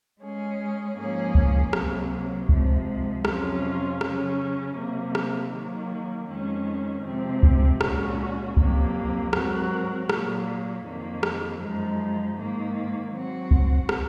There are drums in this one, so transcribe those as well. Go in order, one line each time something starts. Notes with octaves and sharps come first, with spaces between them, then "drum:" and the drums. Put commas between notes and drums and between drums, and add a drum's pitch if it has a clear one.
G#3 C#4 G#4
G#2 F3 A#3 C#4 G#4
drum: kick C#2
C3 F#3 A#3, drum: rim click
C3 F3 G#3, drum: kick C#2
F2 C3 F#3 C#4 F4, drum: rim click
C#3 F#3 C#4, drum: rim click
C3 F#3 A#3
drum: rim click
D#3 F#3 A#3
F2 D#3 G#3 C#4
C3 F3 G#3 C4
drum: kick C#2
A#2 G#3 C#4 F#4, drum: rim click
F2 C3 F#3 A#3, drum: kick C#2
G#2 F#3 C4 F#4 A#4, drum: rim click
A#2 F#3 A#3, drum: rim click
F2 D#3 A#3
drum: rim click
F#2 F3 G#3 D#4
G#2 D#3 A#3
F#3 C4 F#4
drum: kick C#2
drum: rim click